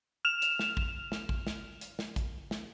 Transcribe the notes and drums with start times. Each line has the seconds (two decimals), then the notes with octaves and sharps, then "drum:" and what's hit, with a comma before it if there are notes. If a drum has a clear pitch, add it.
0.25 F6 E7 F7
0.42 drum: hi-hat
0.59 drum: snare
0.77 drum: kick A1
1.12 drum: snare
1.29 drum: kick A1
1.47 drum: snare
1.81 drum: hi-hat
1.99 drum: snare
2.16 drum: kick A1, hi-hat
2.51 drum: snare